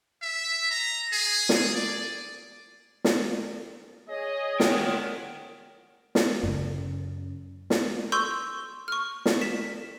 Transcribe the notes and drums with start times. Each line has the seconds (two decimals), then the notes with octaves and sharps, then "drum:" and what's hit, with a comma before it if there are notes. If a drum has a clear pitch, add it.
0.22 E5
0.71 A#5
1.13 G#4
1.49 drum: snare
1.75 D5
3.04 drum: snare
4.09 G#4 C#5 D#5
4.60 A#4 F#5 G5, drum: snare
6.15 drum: snare
6.43 F#2 C#3
7.70 drum: snare
8.12 C6 C#6 E6 G6
8.88 C#6 F6
9.26 drum: snare
9.41 B6 E7